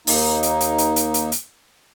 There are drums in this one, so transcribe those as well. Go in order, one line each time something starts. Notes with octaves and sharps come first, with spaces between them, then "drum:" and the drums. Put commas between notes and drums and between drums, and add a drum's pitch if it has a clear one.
D#2 A#3 D#4, drum: open hi-hat
drum: hi-hat
drum: hi-hat
drum: hi-hat
drum: hi-hat
drum: hi-hat
drum: hi-hat